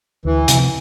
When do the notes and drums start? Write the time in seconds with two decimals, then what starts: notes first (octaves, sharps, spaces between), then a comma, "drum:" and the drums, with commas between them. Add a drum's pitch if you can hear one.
0.25 D2 E3
0.48 C3 F3 C4, drum: hi-hat